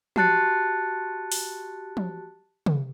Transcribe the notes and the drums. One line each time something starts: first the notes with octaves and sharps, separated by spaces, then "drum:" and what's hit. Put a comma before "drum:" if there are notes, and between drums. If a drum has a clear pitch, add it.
F#4 G4 A5 F#6 A6 C#7, drum: tom
drum: open hi-hat
drum: tom
drum: tom